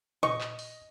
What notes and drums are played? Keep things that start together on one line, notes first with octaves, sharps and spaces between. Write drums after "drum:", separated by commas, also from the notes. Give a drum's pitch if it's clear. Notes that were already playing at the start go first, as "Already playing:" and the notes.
D#5 C#6, drum: tom A#2
drum: clap
drum: open hi-hat